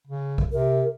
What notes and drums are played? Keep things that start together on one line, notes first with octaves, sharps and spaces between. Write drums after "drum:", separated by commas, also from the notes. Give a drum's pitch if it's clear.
C#3
drum: kick B1
C3 A#4